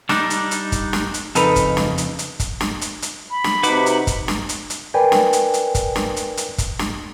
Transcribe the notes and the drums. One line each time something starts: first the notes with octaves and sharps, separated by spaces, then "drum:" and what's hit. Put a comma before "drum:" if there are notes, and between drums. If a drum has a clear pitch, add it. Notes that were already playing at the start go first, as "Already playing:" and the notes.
G3 D4 D#4, drum: snare
drum: hi-hat
drum: hi-hat
drum: kick, hi-hat
drum: snare
drum: hi-hat
F2 C#3 D#4 A4 B4 A#5, drum: hi-hat
drum: kick, hi-hat
drum: snare
drum: hi-hat
drum: hi-hat
drum: kick, hi-hat
drum: snare
drum: hi-hat
drum: hi-hat
B5
drum: snare
C3 D#4 F#4 B4 D6, drum: hi-hat
drum: hi-hat
drum: kick, hi-hat
drum: snare
drum: hi-hat
drum: hi-hat
A#4 B4 D5 G5 G#5
drum: snare
drum: hi-hat
drum: hi-hat
drum: kick, hi-hat
drum: snare
drum: hi-hat
drum: hi-hat
drum: kick, hi-hat
drum: snare